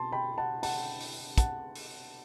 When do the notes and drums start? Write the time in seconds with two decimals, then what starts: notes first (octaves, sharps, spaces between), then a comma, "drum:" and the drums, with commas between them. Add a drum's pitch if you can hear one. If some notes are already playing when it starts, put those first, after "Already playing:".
Already playing: B2 A5 C6
0.12 G5 B5
0.38 F#5 A5
0.63 F#5 A5, drum: open hi-hat
1.00 drum: open hi-hat
1.38 F#5 A5, drum: kick, hi-hat
1.75 drum: open hi-hat